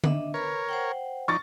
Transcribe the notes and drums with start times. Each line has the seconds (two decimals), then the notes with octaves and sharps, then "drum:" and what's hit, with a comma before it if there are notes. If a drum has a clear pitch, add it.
0.04 D4 D#5 E5, drum: tom D3
0.34 A#4 B4 C#5 B5
0.69 C5 F#5 G5
1.28 F3 D#4 D5 C#6 A6